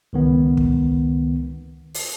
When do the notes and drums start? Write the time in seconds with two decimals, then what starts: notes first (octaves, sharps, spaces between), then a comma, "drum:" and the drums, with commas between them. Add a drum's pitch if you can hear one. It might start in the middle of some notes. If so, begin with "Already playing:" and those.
0.13 C#2 D#3 B3
0.57 drum: kick
1.94 drum: open hi-hat